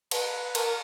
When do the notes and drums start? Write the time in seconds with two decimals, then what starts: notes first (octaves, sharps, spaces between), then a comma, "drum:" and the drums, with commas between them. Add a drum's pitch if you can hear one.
0.11 B4, drum: cymbal
0.55 A#4, drum: cymbal